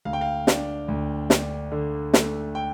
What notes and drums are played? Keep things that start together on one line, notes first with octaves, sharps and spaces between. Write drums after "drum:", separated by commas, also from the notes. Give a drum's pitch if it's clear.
D2 F5
G5
F5
D4, drum: snare
D2
D4, drum: snare
D3
A3, drum: snare
G5